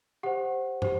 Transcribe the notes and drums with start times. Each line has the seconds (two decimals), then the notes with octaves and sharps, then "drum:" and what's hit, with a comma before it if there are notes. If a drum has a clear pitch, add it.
0.23 G4 C5 F#5
0.82 G4 C5, drum: tom